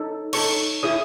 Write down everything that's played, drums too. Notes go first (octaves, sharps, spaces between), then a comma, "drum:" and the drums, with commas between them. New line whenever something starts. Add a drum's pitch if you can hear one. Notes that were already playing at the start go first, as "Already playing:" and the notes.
Already playing: D#4 A4 C#5
D#4 A4 C#5 C#6, drum: cymbal
E4 G#4 C#5 D#6